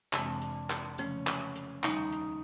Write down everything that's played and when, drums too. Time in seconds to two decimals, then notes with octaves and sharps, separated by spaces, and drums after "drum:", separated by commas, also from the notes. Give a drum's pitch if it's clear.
0.13 F2 C3 E3 G#3 C4 D4, drum: clap
0.42 drum: hi-hat
0.70 drum: clap
0.98 C#3 F3 A3 C#4, drum: hi-hat
1.27 drum: clap
1.55 drum: hi-hat
1.84 D#2 D#3 G3 D#4, drum: clap
2.12 drum: hi-hat